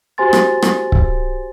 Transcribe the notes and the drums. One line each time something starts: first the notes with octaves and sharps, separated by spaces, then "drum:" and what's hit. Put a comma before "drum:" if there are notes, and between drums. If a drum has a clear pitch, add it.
F#4 G4 C5 G#5 C6 A6
drum: rim click
drum: rim click
drum: kick C#1